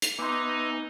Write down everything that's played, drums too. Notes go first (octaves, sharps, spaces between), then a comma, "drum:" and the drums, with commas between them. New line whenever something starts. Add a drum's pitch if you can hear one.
drum: hi-hat
B3 D#4 B4 E5 G#5 C6 D6